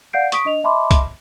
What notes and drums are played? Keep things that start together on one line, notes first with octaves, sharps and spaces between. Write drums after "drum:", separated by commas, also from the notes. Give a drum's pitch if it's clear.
D5 F5 F#5 G6 C7 D7
C#6 D#6 B6 D7, drum: hi-hat
D4 D#5 F7
D#5 E5 A5 B5 C6 D6
drum: kick, hi-hat